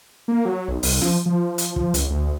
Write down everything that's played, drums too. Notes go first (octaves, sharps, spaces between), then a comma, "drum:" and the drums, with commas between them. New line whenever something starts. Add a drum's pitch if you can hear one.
A#3
F#3
B1
C2, drum: open hi-hat
F3, drum: snare
F3
drum: hi-hat
F3, drum: kick
C#2, drum: hi-hat
D2